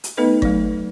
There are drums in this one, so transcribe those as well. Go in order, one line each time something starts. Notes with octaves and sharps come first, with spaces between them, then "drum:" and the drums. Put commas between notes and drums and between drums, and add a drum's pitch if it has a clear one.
drum: hi-hat
A3 B3 D#4 A4 B4 D#5
F#3 A3, drum: kick G1